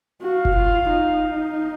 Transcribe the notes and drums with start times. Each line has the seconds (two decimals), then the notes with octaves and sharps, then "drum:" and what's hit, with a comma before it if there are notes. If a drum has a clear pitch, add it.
0.22 F#4 F5
0.45 drum: kick F#1
0.55 F4
0.89 D#4